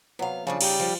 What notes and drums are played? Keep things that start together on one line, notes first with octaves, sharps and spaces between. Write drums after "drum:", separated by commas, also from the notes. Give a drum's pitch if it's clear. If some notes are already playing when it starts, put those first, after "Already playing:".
C3 F#3 B3 F5
C#3 F3 G3 D4
G3 D#4, drum: cymbal
F3